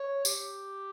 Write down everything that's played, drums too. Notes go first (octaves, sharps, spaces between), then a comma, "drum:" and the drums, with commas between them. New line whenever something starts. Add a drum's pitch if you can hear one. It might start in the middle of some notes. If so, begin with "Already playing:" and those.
Already playing: C#5
G4, drum: tambourine